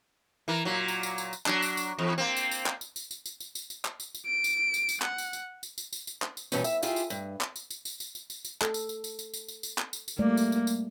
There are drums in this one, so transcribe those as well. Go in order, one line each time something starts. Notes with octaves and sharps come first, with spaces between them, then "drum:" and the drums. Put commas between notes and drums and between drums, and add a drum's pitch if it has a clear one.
E3 A#4
A#2 F#3
drum: tambourine
drum: tambourine
drum: tambourine
drum: tambourine
F#3 D4, drum: clap
drum: tambourine
drum: tambourine
E2
A#3 C4
drum: tambourine
drum: tambourine
drum: clap
drum: tambourine
drum: tambourine
drum: tambourine
drum: tambourine
drum: tambourine
drum: tambourine
drum: tambourine
drum: clap
drum: tambourine
drum: tambourine
D7
drum: tambourine
drum: tambourine
drum: tambourine
F#5, drum: clap
drum: tambourine
drum: tambourine
drum: tambourine
drum: tambourine
drum: tambourine
drum: tambourine
drum: clap
drum: tambourine
E2 G2 B2 E3 C#4 D#4, drum: tambourine
E5, drum: tambourine
E4 F4 G4 G#4, drum: tambourine
drum: tambourine
G2, drum: tambourine
drum: clap
drum: tambourine
drum: tambourine
drum: tambourine
drum: tambourine
drum: tambourine
drum: tambourine
drum: tambourine
A4, drum: clap
drum: tambourine
drum: tambourine
drum: tambourine
drum: tambourine
drum: tambourine
drum: tambourine
drum: tambourine
drum: clap
drum: tambourine
drum: tambourine
G3 A3 A#3 D5
drum: tambourine
drum: tambourine
drum: tambourine